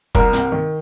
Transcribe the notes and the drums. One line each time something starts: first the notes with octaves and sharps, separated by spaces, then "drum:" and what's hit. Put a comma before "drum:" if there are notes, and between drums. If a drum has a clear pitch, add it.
C2 A#4, drum: kick F1
C3, drum: hi-hat
D#3